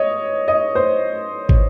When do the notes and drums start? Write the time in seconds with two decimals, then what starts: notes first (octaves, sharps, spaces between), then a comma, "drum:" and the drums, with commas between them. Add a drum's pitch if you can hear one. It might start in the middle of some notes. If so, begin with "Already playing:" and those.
Already playing: C#5 D#5
0.48 D#5
0.75 C5
1.49 drum: kick